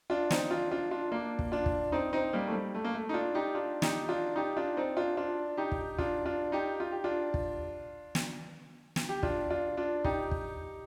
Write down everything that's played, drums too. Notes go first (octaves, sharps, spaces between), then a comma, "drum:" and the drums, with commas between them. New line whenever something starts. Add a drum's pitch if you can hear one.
D4 F4
C4 D#4, drum: snare
D4 F4
D4 F4
D4 F4
A#3 D4
drum: kick
D4 F4
drum: kick
C4 D#4
C4 D#4
G3 A#3
A3
G3
A3
A#3
A3
D#4
D4 F4
D#4 G4
D4 F4
D#4 G4, drum: snare
D4 F4
D#4 G4
D4 F4
C4 D#4
D4 F4
D4 F4
D#4 G4
drum: kick
D4 F4, drum: kick
D4 F4
D#4 G4
F4
G4
D4 F4
drum: kick
drum: snare
drum: snare
G4
D4 F4, drum: kick
D4 F4
D4 F4
D#4 G4, drum: kick
drum: kick